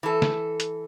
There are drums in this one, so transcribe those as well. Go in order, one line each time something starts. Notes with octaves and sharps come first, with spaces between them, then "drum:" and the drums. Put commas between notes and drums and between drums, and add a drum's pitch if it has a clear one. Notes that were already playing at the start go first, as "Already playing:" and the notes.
E3 A4
drum: snare
drum: hi-hat